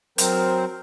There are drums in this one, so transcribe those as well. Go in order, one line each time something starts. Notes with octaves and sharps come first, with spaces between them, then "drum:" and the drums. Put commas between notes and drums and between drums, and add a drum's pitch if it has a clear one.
F#3 C4 A#4 C5, drum: hi-hat